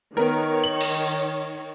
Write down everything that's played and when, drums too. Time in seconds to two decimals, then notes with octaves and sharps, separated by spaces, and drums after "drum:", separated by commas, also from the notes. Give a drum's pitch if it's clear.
0.17 D#3 B3 A#4 C#5
0.64 F#7
0.81 drum: cymbal